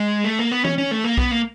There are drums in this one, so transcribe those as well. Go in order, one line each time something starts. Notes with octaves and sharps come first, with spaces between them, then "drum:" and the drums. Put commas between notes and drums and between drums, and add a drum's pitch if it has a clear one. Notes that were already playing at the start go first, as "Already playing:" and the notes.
Already playing: G#3
A3
A#3
B3
C#4, drum: tom E3
C#4
A3
A#3
B3, drum: kick B1
A#3